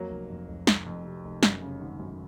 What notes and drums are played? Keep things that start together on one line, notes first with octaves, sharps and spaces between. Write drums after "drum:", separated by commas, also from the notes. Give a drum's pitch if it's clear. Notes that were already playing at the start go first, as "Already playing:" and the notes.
Already playing: F2 F#3 A#3
F1
F2
F1
F1, drum: snare
F2
C3
F1
F#2, drum: snare
C#3
G#1
F#2